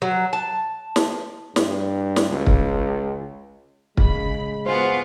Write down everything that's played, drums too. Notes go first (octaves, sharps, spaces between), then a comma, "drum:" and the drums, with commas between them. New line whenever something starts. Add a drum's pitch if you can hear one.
F#3
A5
drum: snare
G2, drum: snare
drum: snare
C#2
drum: kick
A1 C#3 G#3 B5, drum: kick
B3 F4 F#4 G#4 C5 F#5